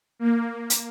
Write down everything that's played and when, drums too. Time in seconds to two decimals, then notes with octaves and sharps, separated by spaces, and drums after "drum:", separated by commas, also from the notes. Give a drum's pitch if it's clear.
0.19 A#3
0.70 drum: hi-hat